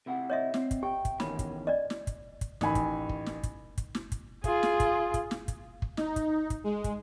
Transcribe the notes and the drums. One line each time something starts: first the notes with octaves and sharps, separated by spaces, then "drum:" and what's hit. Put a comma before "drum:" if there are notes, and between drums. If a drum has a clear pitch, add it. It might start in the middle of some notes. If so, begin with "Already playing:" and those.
C3 E4 F#5
C#5 D#5 E5
C4, drum: snare
drum: kick, hi-hat
G4 G5
drum: kick, hi-hat
E2 D#3 C#4 B5, drum: snare
drum: kick, hi-hat
D5 D#5
drum: snare
drum: kick, hi-hat
drum: kick, hi-hat
A1 D#3 G#5 B5, drum: snare
drum: kick, hi-hat
drum: kick
drum: snare
drum: kick, hi-hat
drum: kick, hi-hat
drum: snare
drum: kick, hi-hat
F4 G#4, drum: kick, hi-hat
drum: snare
drum: kick, hi-hat
drum: kick, hi-hat
drum: snare
drum: kick, hi-hat
drum: kick
D#4, drum: snare
drum: kick, hi-hat
drum: kick, hi-hat
G#3
drum: kick, hi-hat